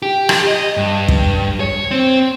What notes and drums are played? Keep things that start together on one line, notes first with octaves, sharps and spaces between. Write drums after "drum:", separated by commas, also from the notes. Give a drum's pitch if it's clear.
G4
drum: rim click
D#5
G2
drum: kick
C#5
C4